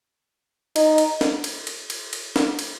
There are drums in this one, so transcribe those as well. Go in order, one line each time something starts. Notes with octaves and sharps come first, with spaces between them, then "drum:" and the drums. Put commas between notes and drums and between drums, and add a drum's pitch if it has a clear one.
D#4, drum: cymbal
drum: cymbal
drum: snare
drum: cymbal
drum: cymbal
drum: cymbal
drum: cymbal
drum: snare
drum: cymbal